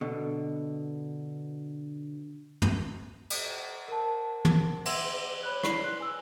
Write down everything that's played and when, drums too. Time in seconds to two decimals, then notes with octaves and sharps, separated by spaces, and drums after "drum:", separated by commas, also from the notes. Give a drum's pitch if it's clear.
0.01 B2 D3
2.62 drum: tom
3.30 drum: cymbal
3.88 A#4 A5
4.45 drum: tom
4.85 E5 F#5 C6 E6, drum: cymbal
5.43 C#5 B5 F#6
5.63 E4 D5 B5 B6 C7, drum: rim click
5.84 C6 F#6
6.00 G#5 E6